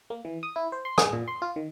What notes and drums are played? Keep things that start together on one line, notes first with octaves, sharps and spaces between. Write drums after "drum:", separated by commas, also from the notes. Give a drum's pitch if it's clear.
A#3
E3
D#6
E4
C5
C6
G#4, drum: rim click
A#2
C6
F4
D#3